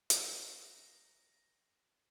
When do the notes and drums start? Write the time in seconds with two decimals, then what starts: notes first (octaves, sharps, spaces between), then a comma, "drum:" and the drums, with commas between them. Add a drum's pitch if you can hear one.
0.10 A#5 B6 C#7, drum: hi-hat